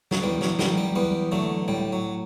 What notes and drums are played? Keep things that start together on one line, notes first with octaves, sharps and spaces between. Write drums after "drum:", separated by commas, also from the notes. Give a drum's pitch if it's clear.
F#3, drum: snare
E2 G3
F#3, drum: snare
F#3 G3, drum: snare
G3
E2 G3 B3
D3 F#3 A3
A2 G3
F#3